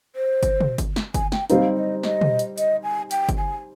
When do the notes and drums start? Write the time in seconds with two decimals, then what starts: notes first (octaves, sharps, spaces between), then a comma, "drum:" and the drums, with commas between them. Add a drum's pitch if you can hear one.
0.16 C5
0.43 drum: kick G1, hi-hat
0.61 drum: tom
0.78 drum: kick G1, hi-hat
0.96 drum: snare
1.14 G#5, drum: kick G1, hi-hat
1.32 G5, drum: snare
1.50 G3 C4 D#4 F5, drum: hi-hat
1.77 D#5
2.03 D#5, drum: snare
2.21 drum: tom
2.39 drum: hi-hat
2.58 D#5, drum: hi-hat
2.84 G#5
3.11 G5, drum: hi-hat
3.29 drum: kick G1, hi-hat
3.38 G#5